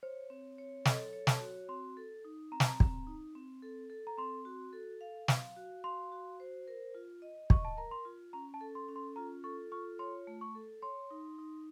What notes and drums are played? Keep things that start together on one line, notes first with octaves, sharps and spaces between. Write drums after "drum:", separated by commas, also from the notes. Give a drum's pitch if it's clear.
C5 C#5
C4
C#5
A4 D#5, drum: snare
C#5
A5, drum: snare
F#4
C4 C6
A4
D#4
C4 A#5
A5, drum: snare
A#5
C4, drum: kick
D#4
C4
A4
A4
A#5
C4 C6
F#4
A4
F5
F5, drum: snare
F#4
F5 C6
F#4
C5
A#4
F4
D#5
D#5 C#6, drum: kick
A5
A#4 A#5
C6
F4
C#4 A#5
A5
A4
C6
C#4
C6
F4 A#5
A4 C#6
F4 C#6
C#5 C6
A3
C#6
A4
C#5 C6
D#4
D#4